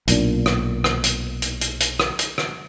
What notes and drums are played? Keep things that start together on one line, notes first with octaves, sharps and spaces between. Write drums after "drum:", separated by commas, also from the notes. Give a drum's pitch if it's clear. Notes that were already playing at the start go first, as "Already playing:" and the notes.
B1 A#2 D4, drum: hi-hat
drum: rim click
drum: rim click
drum: hi-hat
drum: hi-hat
drum: hi-hat
drum: hi-hat
drum: rim click
drum: hi-hat
drum: rim click